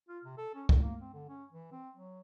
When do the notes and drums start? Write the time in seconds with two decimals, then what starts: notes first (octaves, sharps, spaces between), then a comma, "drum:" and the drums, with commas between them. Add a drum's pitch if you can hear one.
0.09 F4
0.24 C3
0.38 A4
0.55 C#4
0.69 E2, drum: kick
0.83 A#3
1.01 C4
1.13 D3
1.29 C#4
1.52 E3
1.72 C4
1.96 F#3